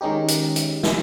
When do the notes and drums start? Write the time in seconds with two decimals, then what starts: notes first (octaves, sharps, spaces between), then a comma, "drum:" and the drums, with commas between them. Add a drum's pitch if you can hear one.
0.01 D#3 G#3 C#4 D#4 G4
0.28 drum: hi-hat
0.56 drum: hi-hat
0.83 drum: snare